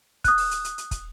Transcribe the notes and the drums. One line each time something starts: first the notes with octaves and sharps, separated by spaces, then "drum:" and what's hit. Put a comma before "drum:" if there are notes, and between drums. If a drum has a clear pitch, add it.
D#6 F#6, drum: kick, hi-hat
drum: open hi-hat
drum: hi-hat
drum: hi-hat
drum: hi-hat
drum: kick, hi-hat